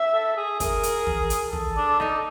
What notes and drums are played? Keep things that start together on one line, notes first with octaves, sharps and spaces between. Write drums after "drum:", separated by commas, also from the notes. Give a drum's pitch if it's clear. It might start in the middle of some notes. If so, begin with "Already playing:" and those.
Already playing: E5
A4
G#4
G#4 A#4, drum: kick, hi-hat
drum: hi-hat
drum: tom
drum: hi-hat
A4, drum: tom
D4
D#4, drum: rim click